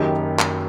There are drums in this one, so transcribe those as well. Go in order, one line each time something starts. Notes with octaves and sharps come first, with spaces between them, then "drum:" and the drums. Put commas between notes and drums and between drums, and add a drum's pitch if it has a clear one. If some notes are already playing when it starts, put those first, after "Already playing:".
Already playing: F#1 F#2 D#3 F#3 D#4 G4
drum: clap